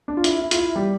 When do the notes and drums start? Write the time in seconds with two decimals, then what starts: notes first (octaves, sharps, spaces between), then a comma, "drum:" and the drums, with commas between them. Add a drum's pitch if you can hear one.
0.08 D4
0.17 F4
0.24 E4, drum: hi-hat
0.41 E4
0.51 F4, drum: hi-hat
0.59 E4
0.76 G3